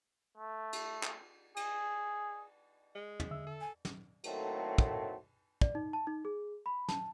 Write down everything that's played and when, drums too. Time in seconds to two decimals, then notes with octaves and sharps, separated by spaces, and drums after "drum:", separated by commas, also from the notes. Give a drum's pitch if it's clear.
0.37 A3
0.73 drum: cymbal
1.03 drum: clap
1.56 G#4, drum: cymbal
2.95 G#3
3.20 drum: tom
3.31 D3 E5 E6
3.47 A4
3.61 G#5
3.85 drum: snare
4.24 A2 D#3 F#3 A3 A#3 C4, drum: cymbal
4.78 drum: kick
5.61 D5, drum: kick
5.75 D#4
5.93 A5
6.07 D#4
6.25 G#4
6.66 B5
6.88 A5, drum: snare